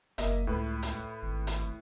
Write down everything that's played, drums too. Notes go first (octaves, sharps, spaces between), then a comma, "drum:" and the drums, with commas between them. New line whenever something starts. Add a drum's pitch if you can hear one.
F#1 A#3 D#5 E5, drum: hi-hat
C#2 A2 B4
drum: hi-hat
G#1
drum: hi-hat